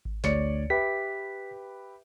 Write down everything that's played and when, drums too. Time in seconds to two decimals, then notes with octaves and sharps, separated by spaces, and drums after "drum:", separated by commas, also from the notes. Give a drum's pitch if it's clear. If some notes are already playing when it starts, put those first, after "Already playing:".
0.05 drum: kick G#1
0.24 D2 C#5 D5 C#7, drum: snare
0.70 G4 B4 E5 B6